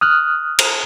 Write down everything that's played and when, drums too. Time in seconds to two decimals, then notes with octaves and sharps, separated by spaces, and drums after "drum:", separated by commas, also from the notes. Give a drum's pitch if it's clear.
0.01 D#6 F6 F#6
0.59 drum: cymbal